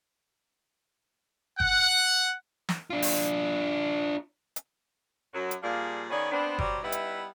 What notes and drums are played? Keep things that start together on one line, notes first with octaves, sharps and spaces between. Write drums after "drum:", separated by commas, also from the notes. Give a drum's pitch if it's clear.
F#5, drum: kick G1
drum: snare
D4 F4
drum: open hi-hat
drum: hi-hat
F#2 F#3
drum: hi-hat
A#2 F3 G3 A#3 G#4 D5
D#3 B3 C#4 G#4 D5
B3 C4 D4
F#3 G3 C4 D5, drum: kick G1
G3 B3 D#4 E4 B4 E5
drum: hi-hat